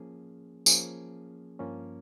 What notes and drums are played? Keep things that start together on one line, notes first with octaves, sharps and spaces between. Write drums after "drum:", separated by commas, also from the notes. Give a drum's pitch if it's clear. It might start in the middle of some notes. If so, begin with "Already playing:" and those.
Already playing: F3 A#3 C#4 G#4
F3 A#3 C#4 G#4, drum: tambourine
G2 F3 A#3 C#4 F4